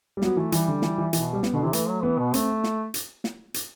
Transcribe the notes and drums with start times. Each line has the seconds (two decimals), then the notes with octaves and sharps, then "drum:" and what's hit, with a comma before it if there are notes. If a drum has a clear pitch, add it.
0.17 G3
0.22 F#3 B3, drum: snare
0.37 E3 A3
0.52 E3 G3, drum: hi-hat
0.68 D3
0.82 E3, drum: snare
0.98 E3
1.13 B2 E3, drum: hi-hat
1.33 G3
1.43 B3, drum: snare
1.53 B2 D3
1.62 C3 E3
1.73 E3 A3, drum: hi-hat
1.89 F#3
2.03 E3 B3
2.18 B2
2.34 A3 C4, drum: hi-hat
2.64 drum: snare
2.94 drum: hi-hat
3.24 drum: snare
3.54 drum: hi-hat